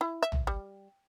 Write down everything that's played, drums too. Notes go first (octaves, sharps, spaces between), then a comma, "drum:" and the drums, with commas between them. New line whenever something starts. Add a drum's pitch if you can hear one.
E4
E5
drum: tom A#1
G3